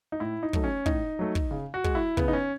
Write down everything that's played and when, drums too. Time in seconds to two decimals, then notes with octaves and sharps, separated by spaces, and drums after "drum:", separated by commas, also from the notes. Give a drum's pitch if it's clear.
0.12 D#4
0.20 A2 E4
0.43 D#4
0.53 F#3 A3, drum: kick
0.64 C#4
0.86 A2 D#4, drum: kick
1.19 F#3 A3
1.35 drum: kick
1.51 C#3
1.74 F#4
1.84 G#3, drum: kick
1.95 E4
2.17 C#3 B3, drum: kick
2.28 D#4
2.33 C#4